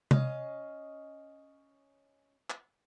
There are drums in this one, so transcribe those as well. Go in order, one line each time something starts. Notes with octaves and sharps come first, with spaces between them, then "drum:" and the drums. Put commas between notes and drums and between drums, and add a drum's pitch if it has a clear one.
C#4 D#5 F5, drum: tom C3
drum: clap